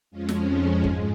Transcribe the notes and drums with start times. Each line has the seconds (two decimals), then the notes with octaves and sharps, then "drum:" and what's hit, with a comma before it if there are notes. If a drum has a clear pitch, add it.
0.11 F2 F3 G#3 C#4 F4
0.29 drum: snare
0.47 D#4
0.84 G#2 G#3 F4, drum: kick